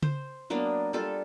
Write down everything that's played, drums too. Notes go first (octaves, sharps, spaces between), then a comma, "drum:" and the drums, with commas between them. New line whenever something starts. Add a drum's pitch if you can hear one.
C5, drum: tom C#3
F#3 A#3 B3 D4
G3 F4 A4